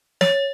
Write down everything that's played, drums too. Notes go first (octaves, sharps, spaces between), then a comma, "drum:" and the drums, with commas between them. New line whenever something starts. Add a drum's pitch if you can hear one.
C#5, drum: snare